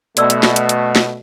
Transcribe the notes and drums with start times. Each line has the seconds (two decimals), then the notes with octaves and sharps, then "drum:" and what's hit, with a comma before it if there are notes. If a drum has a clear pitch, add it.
0.17 B2 A3 F#4 D5 E6, drum: hi-hat
0.30 drum: hi-hat
0.43 drum: snare
0.56 drum: hi-hat
0.69 drum: hi-hat
0.96 drum: snare